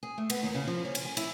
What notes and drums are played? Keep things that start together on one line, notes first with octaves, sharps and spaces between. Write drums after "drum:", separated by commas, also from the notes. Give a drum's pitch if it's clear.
G#4
A3
B3, drum: cymbal
D#2
C#3
F3
C#4
drum: cymbal
G#5
E4, drum: cymbal